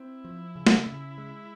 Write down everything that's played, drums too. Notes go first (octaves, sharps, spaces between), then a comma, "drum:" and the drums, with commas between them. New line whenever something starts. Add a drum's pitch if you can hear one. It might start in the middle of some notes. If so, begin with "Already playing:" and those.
Already playing: C4 E4
F3
C#3
drum: snare
C#3
G#3